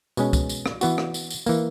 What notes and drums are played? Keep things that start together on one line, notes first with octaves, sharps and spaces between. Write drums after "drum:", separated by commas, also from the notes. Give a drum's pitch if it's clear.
B2 G#3 C#4, drum: tambourine
drum: kick C#2, tambourine
drum: tambourine
drum: rim click
E3 B3 F#4, drum: tambourine
drum: rim click
drum: tambourine
drum: tambourine
E3 A#3, drum: tambourine